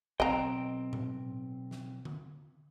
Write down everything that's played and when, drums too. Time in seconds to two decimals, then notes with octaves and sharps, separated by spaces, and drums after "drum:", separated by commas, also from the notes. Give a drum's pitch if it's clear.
0.20 B1 C4 D#5 G5 A#5, drum: kick
0.93 drum: tom A2
1.71 drum: snare
2.05 drum: tom D3